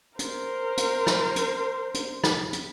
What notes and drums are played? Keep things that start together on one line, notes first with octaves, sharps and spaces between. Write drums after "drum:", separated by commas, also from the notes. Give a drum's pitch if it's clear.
A#4 C5, drum: hi-hat
drum: hi-hat
drum: rim click
drum: hi-hat
drum: hi-hat
drum: rim click
drum: hi-hat